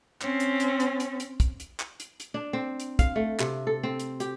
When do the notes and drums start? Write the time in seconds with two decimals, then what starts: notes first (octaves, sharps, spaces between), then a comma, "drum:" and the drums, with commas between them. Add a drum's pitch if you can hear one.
0.21 C4 C#4, drum: clap
0.40 drum: hi-hat
0.60 drum: hi-hat
0.80 drum: hi-hat
1.00 drum: hi-hat
1.20 drum: hi-hat
1.40 drum: kick, hi-hat
1.60 drum: hi-hat
1.80 drum: clap
2.00 drum: hi-hat
2.20 drum: hi-hat
2.34 D4
2.53 C4
2.80 drum: hi-hat
2.99 F5, drum: kick, hi-hat
3.16 A3
3.40 C3, drum: clap
3.67 A4
3.83 C4
3.99 drum: hi-hat
4.20 G4, drum: hi-hat